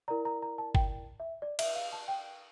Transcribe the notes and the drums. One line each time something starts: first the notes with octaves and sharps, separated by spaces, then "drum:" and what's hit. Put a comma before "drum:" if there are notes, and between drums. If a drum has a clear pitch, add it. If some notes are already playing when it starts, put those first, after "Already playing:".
E4 A#4 D5 A#5
A#5
A#5
A5
G5, drum: kick G1
E5
D5
E5, drum: cymbal
F5
A5
G5